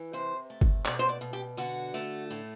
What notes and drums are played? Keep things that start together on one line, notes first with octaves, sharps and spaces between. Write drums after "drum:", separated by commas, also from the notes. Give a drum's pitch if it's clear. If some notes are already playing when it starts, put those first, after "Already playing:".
Already playing: E3
C3 C5
A3
drum: kick G1
B2 D5, drum: clap
C5
D5
B2
G4
D3 F#4
A3
A2